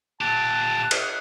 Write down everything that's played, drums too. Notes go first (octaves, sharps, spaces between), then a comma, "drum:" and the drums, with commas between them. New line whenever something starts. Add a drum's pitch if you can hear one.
A#2 G4 A5 F#6
drum: cymbal